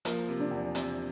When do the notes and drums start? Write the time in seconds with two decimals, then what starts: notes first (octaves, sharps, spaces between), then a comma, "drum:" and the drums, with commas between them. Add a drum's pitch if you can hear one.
0.05 F3 A#3, drum: hi-hat
0.28 C3
0.40 D4
0.51 E2
0.75 C3, drum: hi-hat